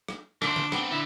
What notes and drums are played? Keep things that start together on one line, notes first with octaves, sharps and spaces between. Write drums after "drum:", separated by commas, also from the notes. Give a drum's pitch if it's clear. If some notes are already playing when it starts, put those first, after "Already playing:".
drum: rim click
D3 D4 C5, drum: rim click
drum: tom D3
B3 C4, drum: rim click
D3 E4